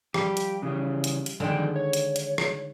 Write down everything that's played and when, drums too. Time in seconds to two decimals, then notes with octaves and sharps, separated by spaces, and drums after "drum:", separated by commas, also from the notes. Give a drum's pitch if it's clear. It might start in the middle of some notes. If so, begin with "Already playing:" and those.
0.14 F3 G3 G4, drum: rim click
0.37 drum: hi-hat
0.63 C#3 E3 C#4
1.04 drum: hi-hat
1.26 drum: hi-hat
1.40 F2 D3 D#3 G#3 D5 G5
1.76 C#5
1.93 drum: hi-hat
2.16 drum: hi-hat
2.38 drum: rim click